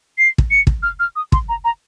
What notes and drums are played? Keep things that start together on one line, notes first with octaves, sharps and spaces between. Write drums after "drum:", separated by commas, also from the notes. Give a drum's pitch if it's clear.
C7
drum: kick
C#7
drum: kick
F6
F6
D#6
C6, drum: kick
A#5
A#5